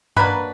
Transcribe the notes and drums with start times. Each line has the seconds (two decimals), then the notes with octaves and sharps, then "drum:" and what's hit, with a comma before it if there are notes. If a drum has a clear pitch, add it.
0.17 B2 F#3 A#3 D4 B4, drum: tom G2